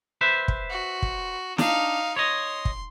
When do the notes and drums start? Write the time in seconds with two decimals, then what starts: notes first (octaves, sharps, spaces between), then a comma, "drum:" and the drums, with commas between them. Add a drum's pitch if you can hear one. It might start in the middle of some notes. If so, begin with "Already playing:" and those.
0.21 B4 C5 E5
0.48 drum: kick
0.70 F#4
1.02 drum: kick
1.58 D4 D#4 F5, drum: snare
2.16 C#5 D#5 C6
2.65 drum: kick